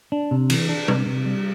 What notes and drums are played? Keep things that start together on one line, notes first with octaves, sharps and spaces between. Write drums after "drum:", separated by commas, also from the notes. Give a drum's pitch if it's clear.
D4
C3
E3, drum: cymbal
D4
C3, drum: tom G3
C3
G3